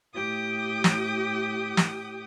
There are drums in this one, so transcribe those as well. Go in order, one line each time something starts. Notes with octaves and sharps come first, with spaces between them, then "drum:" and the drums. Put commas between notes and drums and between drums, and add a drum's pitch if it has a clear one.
A2 G4 G5 D6 D#6
drum: snare
drum: snare